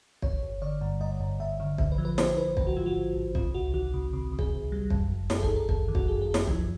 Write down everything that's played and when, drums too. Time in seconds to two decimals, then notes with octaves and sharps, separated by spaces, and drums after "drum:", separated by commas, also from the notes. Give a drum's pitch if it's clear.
0.22 G1 C#5, drum: kick
0.42 G1
0.62 D3 D5
0.81 G2
1.01 G2 D#5
1.20 G2
1.40 G2 E5
1.60 D3
1.78 A1 E5, drum: kick
1.92 B4
1.98 F3
2.05 B4
2.18 F3 C5, drum: snare
2.37 A1 B4
2.57 G#2 A#4, drum: kick
2.67 F#4
2.76 F3 F4
2.86 F#4
2.96 A1
3.16 A1
3.35 C3 F4, drum: kick
3.54 C#2 F#4
3.74 D#3 F#4
3.94 C3
4.13 C3
4.32 C3
4.39 G#4, drum: kick
4.52 C#2
4.72 G3
4.90 F#2, drum: kick
5.10 G1
5.30 G1 A4, drum: snare
5.38 G#4
5.43 A4, drum: kick
5.49 G1
5.56 A#4
5.69 F#2 A4, drum: kick
5.88 D#3
5.95 F#4, drum: kick
6.08 F#2 G#4
6.22 G#4
6.27 F#2
6.34 G4, drum: snare
6.47 F3, drum: kick